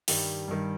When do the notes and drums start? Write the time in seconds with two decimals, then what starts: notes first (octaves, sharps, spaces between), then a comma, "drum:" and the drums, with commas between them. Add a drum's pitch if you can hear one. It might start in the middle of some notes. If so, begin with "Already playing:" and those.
0.08 G2 D#3 G3 G4, drum: open hi-hat
0.48 G2 D#3 G3